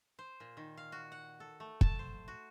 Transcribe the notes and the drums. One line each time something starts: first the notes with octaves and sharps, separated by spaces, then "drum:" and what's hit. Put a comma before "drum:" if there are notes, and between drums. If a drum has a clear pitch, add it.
C5
A#2
D#3
F5
F#4
F#5
A4
A3
A5, drum: kick
C5
F#4